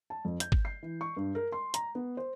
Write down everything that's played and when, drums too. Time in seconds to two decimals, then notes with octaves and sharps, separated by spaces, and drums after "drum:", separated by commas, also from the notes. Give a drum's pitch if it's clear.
0.10 A5
0.25 F2
0.40 G6, drum: hi-hat
0.52 drum: kick
0.65 C7
0.83 E3
1.01 C#6
1.17 G2
1.35 A#4
1.52 C6
1.74 A#5, drum: hi-hat
1.95 B3
2.17 C5